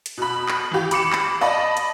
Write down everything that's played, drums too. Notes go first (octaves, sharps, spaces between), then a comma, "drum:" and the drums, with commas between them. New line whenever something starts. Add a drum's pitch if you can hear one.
drum: hi-hat
B2 B5
drum: clap
E3 G4
B5 D6 C#7 E7, drum: hi-hat
drum: clap
D5 D#5 A5 B5
drum: hi-hat